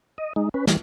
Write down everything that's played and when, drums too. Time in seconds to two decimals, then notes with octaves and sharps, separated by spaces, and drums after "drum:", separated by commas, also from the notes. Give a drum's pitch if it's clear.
0.18 D#5
0.36 G#3 D#4
0.54 C#4 B4
0.67 E3 G3, drum: snare